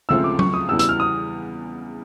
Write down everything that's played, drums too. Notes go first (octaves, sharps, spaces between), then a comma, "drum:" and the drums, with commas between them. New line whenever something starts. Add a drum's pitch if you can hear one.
C#2 C#3 F3 A3 C4 E6
D6
C#6, drum: tom F#3
D#6
E2 C#3 E3 G3 E6
E6, drum: hi-hat
F6
D#6